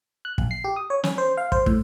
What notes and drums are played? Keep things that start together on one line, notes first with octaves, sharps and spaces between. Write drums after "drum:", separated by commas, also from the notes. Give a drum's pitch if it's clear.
F#6
A#1, drum: kick
C7
G4
D#6
C#5
C#4, drum: snare
C5
F5
C5, drum: kick
A2, drum: kick